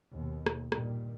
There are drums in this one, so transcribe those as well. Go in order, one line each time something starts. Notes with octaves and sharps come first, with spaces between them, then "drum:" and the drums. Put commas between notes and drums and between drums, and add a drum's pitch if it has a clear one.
D#2 B2
drum: rim click
G2 A#2 D#3 G3, drum: rim click